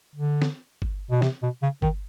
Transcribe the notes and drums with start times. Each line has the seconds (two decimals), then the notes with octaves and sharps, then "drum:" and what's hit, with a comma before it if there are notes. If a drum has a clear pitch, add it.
0.15 D3
0.42 drum: snare
0.82 drum: kick G1
1.11 B2
1.22 C3, drum: snare
1.43 B2
1.62 C#3
1.82 D#3, drum: kick G1